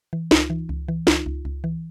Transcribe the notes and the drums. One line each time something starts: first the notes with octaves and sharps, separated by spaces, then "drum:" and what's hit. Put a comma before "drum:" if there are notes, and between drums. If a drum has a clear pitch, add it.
E3
C#2 D#4 F4, drum: snare
E3
C#2
E3
C#2 D#4 F4, drum: snare
C#2
C#2
E3